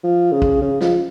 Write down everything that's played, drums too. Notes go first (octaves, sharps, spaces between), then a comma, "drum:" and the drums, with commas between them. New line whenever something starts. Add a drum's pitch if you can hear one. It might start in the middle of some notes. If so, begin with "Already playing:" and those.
F3
C#3
drum: kick
C#3
F3, drum: snare